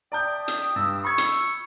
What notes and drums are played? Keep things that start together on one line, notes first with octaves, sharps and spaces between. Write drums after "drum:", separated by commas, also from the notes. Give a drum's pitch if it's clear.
D5 E5 G5 A5 D#6 G6
drum: hi-hat
G2 E6
B5 C#6 G#6
drum: hi-hat